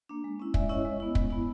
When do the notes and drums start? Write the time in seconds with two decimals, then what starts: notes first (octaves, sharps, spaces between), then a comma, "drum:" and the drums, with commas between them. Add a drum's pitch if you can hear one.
0.09 A#3 D4
0.24 G#3
0.40 C#4 E4
0.54 G#3 D5 E5, drum: kick
0.69 C#4 E4 C#5 D#5
0.85 G#3
1.00 B3 E4
1.15 G#3, drum: kick
1.30 B3 E4